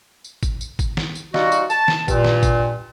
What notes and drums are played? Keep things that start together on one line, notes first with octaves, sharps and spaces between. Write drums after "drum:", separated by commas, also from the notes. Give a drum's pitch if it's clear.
drum: tambourine
drum: kick, tambourine
drum: tambourine
drum: kick, tambourine
drum: snare
drum: tambourine
G3 D#4 F4 F#4, drum: snare
drum: tambourine
A5, drum: tambourine
drum: snare
G2 A#2, drum: kick, tambourine
drum: snare
drum: kick, tambourine